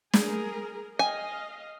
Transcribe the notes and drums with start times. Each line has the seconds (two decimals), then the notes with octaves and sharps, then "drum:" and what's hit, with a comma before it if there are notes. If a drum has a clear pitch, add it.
0.13 G#4 A#4, drum: snare
0.99 D#5 F5 G#5